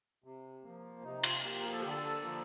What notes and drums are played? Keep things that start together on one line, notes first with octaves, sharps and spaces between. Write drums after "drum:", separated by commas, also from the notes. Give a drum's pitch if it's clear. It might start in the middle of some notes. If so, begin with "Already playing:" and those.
C3
F3 A#3
C3 D#4
F4, drum: cymbal
F3 A#3 G4
A#4
A4
D3 G4
A4
F3 A#3